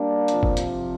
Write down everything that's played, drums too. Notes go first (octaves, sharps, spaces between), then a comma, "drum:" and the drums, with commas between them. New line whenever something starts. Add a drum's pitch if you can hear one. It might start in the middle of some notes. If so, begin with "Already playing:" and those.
Already playing: G3 A#3 D4
C3 F3, drum: hi-hat
drum: kick
drum: hi-hat